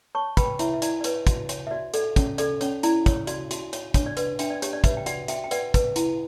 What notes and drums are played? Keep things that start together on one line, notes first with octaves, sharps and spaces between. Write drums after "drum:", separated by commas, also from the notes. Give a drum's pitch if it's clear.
C#5 A5 C#6
B4 G5 B5, drum: kick, hi-hat
E4 C#5 E5, drum: hi-hat
E5
E4 D5, drum: hi-hat
D5
B4 C#5, drum: hi-hat
F#4, drum: kick, hi-hat
C#5, drum: hi-hat
E5
F#4 D5
A4 D5, drum: hi-hat
C#4 C#5, drum: kick, hi-hat
A4 D5, drum: hi-hat
C#4 C#5, drum: hi-hat
E4 D5, drum: hi-hat
C#5, drum: kick, hi-hat
F#4 D5, drum: hi-hat
F#4, drum: hi-hat
C#5, drum: hi-hat
D4 C#5, drum: kick, hi-hat
D5
B4 D5, drum: hi-hat
D4 E5 G5, drum: hi-hat
D5
G4 C#5, drum: hi-hat
D5
B4 C#5 E5, drum: kick, hi-hat
G5
F#4 D5 F#5, drum: hi-hat
F#4 E5 G5, drum: hi-hat
G5
B4 D5 F#5, drum: hi-hat
B4, drum: kick, hi-hat
E4, drum: hi-hat